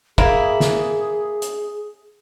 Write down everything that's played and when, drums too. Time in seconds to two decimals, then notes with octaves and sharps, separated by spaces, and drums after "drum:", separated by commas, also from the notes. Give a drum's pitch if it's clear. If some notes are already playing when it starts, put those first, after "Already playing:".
0.18 A#3 E4 G#4, drum: kick
0.60 drum: snare
1.42 drum: hi-hat